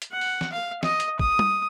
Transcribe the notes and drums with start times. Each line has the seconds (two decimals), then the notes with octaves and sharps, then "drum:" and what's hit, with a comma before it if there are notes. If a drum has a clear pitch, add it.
0.02 drum: hi-hat
0.12 F#5
0.21 drum: open hi-hat
0.41 drum: snare
0.52 F5
0.83 D#5, drum: snare
1.00 drum: hi-hat
1.19 D#6, drum: kick
1.39 drum: tom